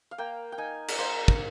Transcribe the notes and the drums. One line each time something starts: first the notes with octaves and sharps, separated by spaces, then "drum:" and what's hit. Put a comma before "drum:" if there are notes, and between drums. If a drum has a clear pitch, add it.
F5
A#3 G5
G5
D#4 G#5
A#4, drum: cymbal
A#3 C5
drum: kick